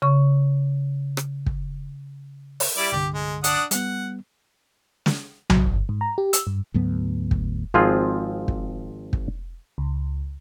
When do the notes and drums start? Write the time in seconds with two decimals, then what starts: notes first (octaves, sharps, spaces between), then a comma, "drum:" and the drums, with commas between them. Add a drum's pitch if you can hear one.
0.02 C#3 C#6
1.17 drum: rim click
1.46 drum: kick
2.60 drum: open hi-hat
2.77 G3 E4 D5
2.92 C2 G2 D3 G4
3.14 G#3
3.44 D4 F#5 D#6, drum: hi-hat
3.71 G3 B3 F#5, drum: hi-hat
5.06 drum: snare
5.50 F#3, drum: tom B1
5.66 G1
5.89 G#2
6.01 A#5
6.18 G4
6.33 E6, drum: hi-hat
6.47 G2
6.74 D2 G#2 F#3 B3
7.31 drum: kick
7.74 G#1 F3 C4 F4 G#4
8.48 drum: kick
9.13 drum: kick
9.78 C#2